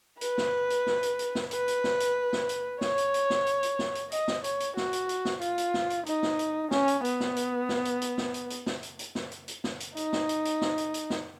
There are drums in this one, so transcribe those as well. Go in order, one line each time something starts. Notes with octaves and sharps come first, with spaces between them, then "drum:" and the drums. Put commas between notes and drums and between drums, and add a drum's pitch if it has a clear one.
B4, drum: hi-hat
drum: snare
drum: hi-hat
drum: snare
drum: hi-hat
drum: hi-hat
drum: snare
B4, drum: hi-hat
drum: hi-hat
drum: snare
drum: hi-hat
drum: snare
drum: hi-hat
C#5, drum: snare
drum: hi-hat
drum: hi-hat
drum: snare
drum: hi-hat
drum: hi-hat
drum: snare
drum: hi-hat
D#5, drum: hi-hat
drum: snare
C#5, drum: hi-hat
drum: hi-hat
F#4, drum: snare
drum: hi-hat
drum: hi-hat
drum: snare
F4, drum: hi-hat
drum: hi-hat
drum: snare
drum: hi-hat
D#4, drum: hi-hat
drum: snare
drum: hi-hat
C#4, drum: snare
drum: hi-hat
B3, drum: hi-hat
drum: snare
drum: hi-hat
drum: snare
drum: hi-hat
drum: hi-hat
drum: snare
drum: hi-hat
drum: hi-hat
drum: snare
drum: hi-hat
drum: hi-hat
drum: snare
drum: hi-hat
drum: hi-hat
drum: snare
drum: hi-hat
D#4, drum: hi-hat
drum: snare
drum: hi-hat
drum: hi-hat
drum: snare
drum: hi-hat
drum: hi-hat
drum: snare